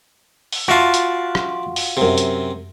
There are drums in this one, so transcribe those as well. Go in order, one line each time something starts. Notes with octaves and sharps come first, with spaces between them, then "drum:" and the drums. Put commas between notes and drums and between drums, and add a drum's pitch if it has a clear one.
drum: open hi-hat
F4 F#4 D5 E5 A5
drum: hi-hat
drum: rim click
drum: open hi-hat
F#2 C3
drum: hi-hat